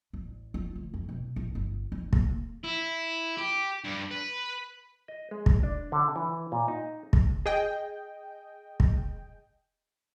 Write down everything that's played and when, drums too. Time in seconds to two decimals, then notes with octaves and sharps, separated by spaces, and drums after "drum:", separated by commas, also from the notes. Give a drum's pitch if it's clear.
0.13 A1
0.54 F4
0.75 D2
0.94 F2
1.09 B2
1.36 A#1
1.55 G1
1.92 D#2
2.13 A#3, drum: kick
2.64 E4
3.37 G4
3.84 G2
4.11 B4
5.08 D#5
5.31 G#3
5.46 drum: kick
5.63 D4
5.92 D3
6.16 E3
6.52 A#2
6.68 D#4
7.13 drum: kick
7.46 G#4 D#5 G5
8.80 drum: kick